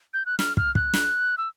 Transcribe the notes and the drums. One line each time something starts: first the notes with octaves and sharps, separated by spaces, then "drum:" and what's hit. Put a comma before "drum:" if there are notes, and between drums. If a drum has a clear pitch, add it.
G6
F#6
F6, drum: snare
F6, drum: kick
F#6, drum: kick
drum: snare
E6